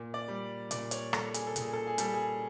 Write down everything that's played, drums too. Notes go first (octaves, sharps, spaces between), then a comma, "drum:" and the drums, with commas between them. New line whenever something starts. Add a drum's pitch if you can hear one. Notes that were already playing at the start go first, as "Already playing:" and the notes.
Already playing: A#2
D5
G3
A#2 D5, drum: hi-hat
C#5, drum: hi-hat
G3 A4, drum: rim click
G#4, drum: hi-hat
A4
A#2 G#4, drum: hi-hat
A4
G#4
G3 A4, drum: hi-hat
G#4